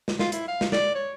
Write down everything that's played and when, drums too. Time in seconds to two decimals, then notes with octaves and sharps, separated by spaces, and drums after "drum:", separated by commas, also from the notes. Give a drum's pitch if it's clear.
0.08 drum: snare
0.19 F4, drum: snare
0.32 E4, drum: hi-hat
0.48 F5
0.61 drum: snare
0.72 D5, drum: snare
0.95 C#5